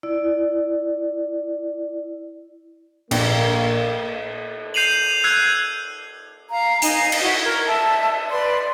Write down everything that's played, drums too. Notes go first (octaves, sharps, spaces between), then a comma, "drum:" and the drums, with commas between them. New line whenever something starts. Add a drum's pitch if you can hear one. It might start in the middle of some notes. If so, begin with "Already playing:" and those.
E4 D5
A#1 A#3, drum: cymbal
G6 C7 D#7 F7 F#7
E6 F#6 G#6 C7
F5 A#5
D#4 F5 G#5, drum: hi-hat
drum: cymbal
E4 F#4 C#6
A#4 G#6
E5 A5
B4 D5 C6